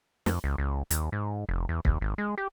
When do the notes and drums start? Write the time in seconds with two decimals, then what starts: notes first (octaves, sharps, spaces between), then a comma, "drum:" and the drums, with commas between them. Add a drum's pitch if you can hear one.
0.26 F2, drum: snare
0.44 C#2
0.58 C#2
0.90 D#2, drum: hi-hat
1.12 G#2
1.49 F1
1.69 E2
1.85 D#2, drum: kick C#1
2.01 G#1
2.18 G#3
2.38 G4